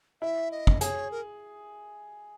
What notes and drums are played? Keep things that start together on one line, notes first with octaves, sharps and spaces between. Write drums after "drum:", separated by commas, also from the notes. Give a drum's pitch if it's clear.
E4 E5
D#5
drum: kick
G#4 C#5, drum: hi-hat
A#4